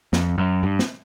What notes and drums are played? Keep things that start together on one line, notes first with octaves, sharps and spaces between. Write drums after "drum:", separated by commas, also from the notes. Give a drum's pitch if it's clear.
F2, drum: snare
F#2
G2
drum: snare